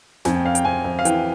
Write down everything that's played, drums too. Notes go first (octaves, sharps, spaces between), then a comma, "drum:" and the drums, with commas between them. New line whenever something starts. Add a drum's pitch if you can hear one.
F2 G#5, drum: snare
G5
F2 F5
G5, drum: hi-hat
F2 G#5
F2
F5
E3 G5, drum: hi-hat